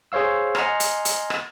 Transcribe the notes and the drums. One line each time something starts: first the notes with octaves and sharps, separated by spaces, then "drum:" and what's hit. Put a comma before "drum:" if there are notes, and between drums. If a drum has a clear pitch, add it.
G#4 C5 C#5 F5 E6
D#5 F#5 G#5 A#5 C6 F6, drum: rim click
drum: hi-hat
drum: hi-hat
drum: rim click